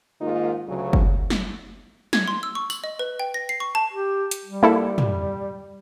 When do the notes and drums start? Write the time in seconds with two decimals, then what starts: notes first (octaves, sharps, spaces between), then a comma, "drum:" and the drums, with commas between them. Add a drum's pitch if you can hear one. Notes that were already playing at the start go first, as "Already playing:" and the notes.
0.21 G#2 D#3 A#3 D#4 F4
0.68 D2 C#3 F#3
0.93 drum: kick F#1
1.30 drum: snare
2.13 G#6, drum: snare
2.28 C6
2.43 E6
2.55 C#6
2.70 F#7, drum: tambourine
2.84 D#5
2.99 B4
3.20 G5
3.34 A#6
3.49 C7
3.60 C#6
3.75 A5
3.93 G4
4.31 drum: hi-hat
4.45 G3
4.63 A#3 E4 A4
4.98 drum: tom